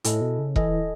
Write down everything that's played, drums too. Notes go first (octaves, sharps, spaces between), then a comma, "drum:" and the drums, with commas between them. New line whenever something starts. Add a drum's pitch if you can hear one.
A2 E4 A4 D#5 G#5, drum: hi-hat
B2
C#3
E3 E4 A4 D#5 G#5, drum: kick E1